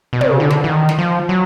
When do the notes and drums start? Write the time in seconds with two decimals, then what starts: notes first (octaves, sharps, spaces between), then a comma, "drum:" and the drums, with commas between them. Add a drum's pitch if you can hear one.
0.13 B2
0.21 C3, drum: tom
0.31 C#3
0.40 D3
0.50 drum: snare
0.64 E3
0.69 D#3
0.89 drum: snare
0.99 F3
1.29 F#3